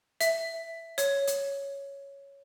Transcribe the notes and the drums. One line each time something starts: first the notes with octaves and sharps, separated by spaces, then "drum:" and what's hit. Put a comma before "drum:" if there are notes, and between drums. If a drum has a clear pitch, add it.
E5, drum: hi-hat
C#5, drum: hi-hat
drum: hi-hat